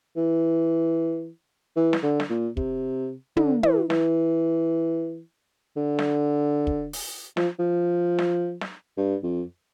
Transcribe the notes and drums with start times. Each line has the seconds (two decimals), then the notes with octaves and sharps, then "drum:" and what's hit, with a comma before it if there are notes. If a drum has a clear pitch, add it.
0.17 E3
1.77 E3
1.93 drum: snare
2.03 D3
2.20 drum: snare
2.30 A#2
2.57 C3, drum: kick
3.37 D3, drum: tom
3.63 E3, drum: tom
3.90 E3, drum: snare
5.77 D3
5.99 drum: snare
6.67 drum: kick
6.93 drum: open hi-hat
7.37 F3, drum: snare
7.60 F3
8.19 drum: snare
8.61 drum: snare
8.97 G2
9.24 F2